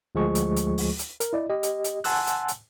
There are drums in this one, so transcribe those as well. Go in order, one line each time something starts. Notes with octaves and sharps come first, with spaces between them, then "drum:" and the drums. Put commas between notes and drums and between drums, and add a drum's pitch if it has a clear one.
D2 F3 G#3 G#4 C#6
drum: hi-hat
drum: hi-hat
drum: open hi-hat
drum: hi-hat
A#4, drum: hi-hat
E4 D5 D#5
G4 D#5
drum: hi-hat
drum: hi-hat
F#5 G#5 A5 C6 E6 F#6, drum: open hi-hat
drum: hi-hat
drum: hi-hat